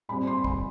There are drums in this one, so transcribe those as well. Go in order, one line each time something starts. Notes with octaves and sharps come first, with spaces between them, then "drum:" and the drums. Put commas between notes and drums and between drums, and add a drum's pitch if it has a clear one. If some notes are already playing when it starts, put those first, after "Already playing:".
A#2 G3 C4 B5
C6
B5, drum: kick